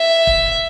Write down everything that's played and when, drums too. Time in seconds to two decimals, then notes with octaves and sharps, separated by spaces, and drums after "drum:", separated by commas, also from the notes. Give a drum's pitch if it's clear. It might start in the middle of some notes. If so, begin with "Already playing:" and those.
Already playing: E5
0.27 drum: kick